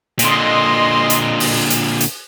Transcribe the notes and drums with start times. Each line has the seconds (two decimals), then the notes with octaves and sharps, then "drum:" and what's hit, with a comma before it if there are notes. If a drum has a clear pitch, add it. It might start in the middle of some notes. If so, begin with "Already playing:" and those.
0.19 A#2 D3 D#5 C6, drum: hi-hat
1.10 drum: hi-hat
1.40 drum: open hi-hat
1.70 drum: hi-hat
2.01 drum: hi-hat